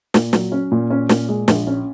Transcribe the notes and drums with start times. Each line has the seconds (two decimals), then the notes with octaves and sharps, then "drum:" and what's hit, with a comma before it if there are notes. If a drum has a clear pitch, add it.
0.14 A#2, drum: snare
0.33 F#3, drum: snare
0.52 C#4
0.72 A#2
0.90 C#4
1.09 A#2, drum: snare
1.29 G#3
1.48 A#1, drum: snare
1.67 C#4